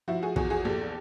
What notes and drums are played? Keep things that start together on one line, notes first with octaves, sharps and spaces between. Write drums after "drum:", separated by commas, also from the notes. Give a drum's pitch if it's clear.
F3 E4 F#4
F#4 G#4
E2 F#4 G#4, drum: kick
F#4 G#4
A#1 G4 A4